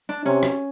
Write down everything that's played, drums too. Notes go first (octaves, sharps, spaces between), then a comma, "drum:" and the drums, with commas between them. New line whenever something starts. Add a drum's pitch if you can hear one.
D4
C3 C#4
drum: rim click